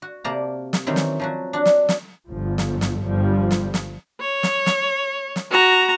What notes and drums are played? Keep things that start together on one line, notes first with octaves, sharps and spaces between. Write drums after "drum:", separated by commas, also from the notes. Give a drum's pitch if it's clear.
F#4
C3 A#3 A#4 D5 A5 A#5
drum: snare
D#3 E3 F#3 C4 C#4
drum: snare
F3 F#3 F#4
D4 F#4
drum: snare
drum: snare
G1 F3
drum: snare
drum: snare
G1 G2 F3 G3
drum: snare
drum: snare
C#5
drum: snare
drum: snare
drum: snare
F#4 A#5